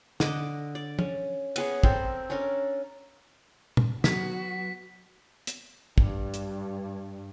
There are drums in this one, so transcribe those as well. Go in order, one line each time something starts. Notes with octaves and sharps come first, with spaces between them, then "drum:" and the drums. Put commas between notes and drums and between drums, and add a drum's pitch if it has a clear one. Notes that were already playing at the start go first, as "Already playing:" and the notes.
D3 D#5 F#5 D6, drum: snare
D5
C#4, drum: tom
B3 G#4 C#5, drum: cymbal
C4 A4 A#4 C5, drum: kick
C#4 D4 A4 A#4
drum: tom
F#3 B3 F#4 B6, drum: snare
drum: hi-hat
G2, drum: kick
drum: hi-hat